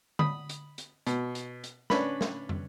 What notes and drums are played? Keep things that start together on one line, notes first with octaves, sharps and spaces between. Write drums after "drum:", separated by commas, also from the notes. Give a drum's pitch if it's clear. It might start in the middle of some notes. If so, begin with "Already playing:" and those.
B5 D#6, drum: tom D3
drum: hi-hat
drum: hi-hat
B2, drum: hi-hat
drum: hi-hat
drum: hi-hat
C#4 D4 B4 B5, drum: snare
drum: snare
drum: tom